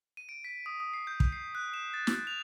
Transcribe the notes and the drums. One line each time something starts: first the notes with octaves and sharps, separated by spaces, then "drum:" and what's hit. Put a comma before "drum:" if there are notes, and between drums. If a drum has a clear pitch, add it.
D#7
D7
B6
D#6
D#6
C7
G6
drum: kick
C7
F#6
E7
A6
drum: snare
F7